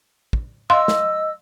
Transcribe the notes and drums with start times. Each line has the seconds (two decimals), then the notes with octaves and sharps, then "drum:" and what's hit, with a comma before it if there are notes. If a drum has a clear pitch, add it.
0.33 drum: kick
0.70 D#5 F5 C6 E6
0.88 drum: snare